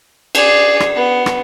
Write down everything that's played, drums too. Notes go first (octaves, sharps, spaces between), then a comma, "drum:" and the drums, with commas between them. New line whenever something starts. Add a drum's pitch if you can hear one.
G#4 D5, drum: cymbal
drum: rim click
B3
drum: rim click